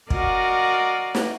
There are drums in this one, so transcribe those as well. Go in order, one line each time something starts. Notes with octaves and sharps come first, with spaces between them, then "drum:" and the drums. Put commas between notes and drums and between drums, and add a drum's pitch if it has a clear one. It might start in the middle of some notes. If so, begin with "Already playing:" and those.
F#4 A#4 D5 D#5 F5, drum: kick
drum: snare